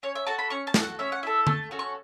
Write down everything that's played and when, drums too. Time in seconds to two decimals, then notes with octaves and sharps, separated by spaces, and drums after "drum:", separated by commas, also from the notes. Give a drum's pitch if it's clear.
0.03 C#4 C#5
0.15 E5
0.27 F#4 A4 A5
0.39 B5
0.50 C#4 C#6
0.67 A5
0.74 F#4, drum: snare
0.79 A4 F#5
0.99 C#4 E5
1.12 F#5
1.23 E4 A4 E5
1.47 A3 A5, drum: tom D3
1.71 C#4 F#4 A4
1.79 C#6